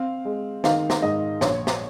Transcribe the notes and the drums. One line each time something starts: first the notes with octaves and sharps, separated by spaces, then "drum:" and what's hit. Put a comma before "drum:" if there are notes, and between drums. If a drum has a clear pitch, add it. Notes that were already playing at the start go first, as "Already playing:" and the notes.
Already playing: C4 F5
G#3
D#3 F5, drum: snare
drum: snare
G#2 D#5
A#1 C#5, drum: snare
drum: snare